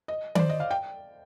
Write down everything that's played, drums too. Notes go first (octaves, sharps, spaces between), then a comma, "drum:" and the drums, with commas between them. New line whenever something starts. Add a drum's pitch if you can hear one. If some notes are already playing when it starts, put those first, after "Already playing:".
D#5
D5, drum: tom D#3
C5
D#5
F5
G5